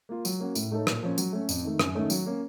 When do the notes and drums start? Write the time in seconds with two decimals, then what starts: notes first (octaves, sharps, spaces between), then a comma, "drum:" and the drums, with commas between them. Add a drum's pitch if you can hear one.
0.09 A#3 F4
0.25 F#3, drum: tambourine
0.40 A#3 C#4 F#4
0.55 A2, drum: tambourine
0.71 A3 D#4 A4 C#5
0.87 A#2, drum: rim click
1.03 F3 A#3 C#4
1.18 F#3, drum: tambourine
1.32 A3 C#4
1.49 F2, drum: tambourine
1.63 D#3 A3
1.79 F#2, drum: rim click
1.95 D#3 A3 C#4
2.10 F#3, drum: tambourine
2.26 A#3 C#4